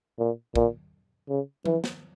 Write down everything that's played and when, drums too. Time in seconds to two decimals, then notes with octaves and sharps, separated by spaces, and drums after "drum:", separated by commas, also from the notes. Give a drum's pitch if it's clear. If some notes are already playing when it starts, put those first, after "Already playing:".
0.19 A#2
0.56 A#2, drum: kick
1.29 C#3
1.65 E3, drum: tom F3
1.84 drum: snare